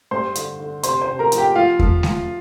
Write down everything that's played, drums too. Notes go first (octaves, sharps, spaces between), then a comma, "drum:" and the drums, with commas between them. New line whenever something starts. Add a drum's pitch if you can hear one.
G2 C5 C6
D3, drum: hi-hat
D3
C3 C5 C6, drum: hi-hat
C5 C6
C3
A#4 A#5
F3, drum: hi-hat
G4 G5
F3 F4 F5
F3, drum: kick E2
F3, drum: snare G#3